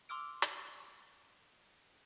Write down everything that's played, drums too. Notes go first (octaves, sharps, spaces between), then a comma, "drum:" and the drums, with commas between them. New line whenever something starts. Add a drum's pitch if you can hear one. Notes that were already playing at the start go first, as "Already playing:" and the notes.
C6 D6 E6 F6 D7
drum: hi-hat